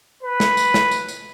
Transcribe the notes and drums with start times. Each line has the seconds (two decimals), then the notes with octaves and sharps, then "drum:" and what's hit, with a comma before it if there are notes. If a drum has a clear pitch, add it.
0.23 B4
0.40 drum: snare
0.57 drum: tambourine
0.74 drum: snare
0.91 drum: tambourine
1.09 drum: tambourine